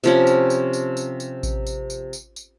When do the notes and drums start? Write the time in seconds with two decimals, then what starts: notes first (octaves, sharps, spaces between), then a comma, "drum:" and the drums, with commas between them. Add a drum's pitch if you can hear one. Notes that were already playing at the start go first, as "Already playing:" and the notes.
0.04 C3 F3 C#4, drum: tambourine
0.27 drum: tambourine
0.50 drum: tambourine
0.73 drum: tambourine
0.97 drum: tambourine
1.20 drum: tambourine
1.43 drum: kick A1, tambourine
1.67 drum: tambourine
1.90 drum: tambourine
2.13 drum: tambourine
2.36 drum: tambourine